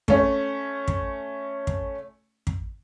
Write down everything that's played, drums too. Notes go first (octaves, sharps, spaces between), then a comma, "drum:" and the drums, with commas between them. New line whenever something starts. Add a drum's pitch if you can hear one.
A3 C#4, drum: kick
drum: kick
drum: kick
drum: kick